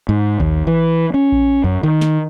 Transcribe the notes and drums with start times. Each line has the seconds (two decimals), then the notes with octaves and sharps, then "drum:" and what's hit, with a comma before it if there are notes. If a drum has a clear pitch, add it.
0.09 G#2
0.40 D#2, drum: kick A#1
0.67 E3
1.14 C#4
1.32 drum: kick A#1
1.64 F#2
1.83 D#3
2.01 drum: snare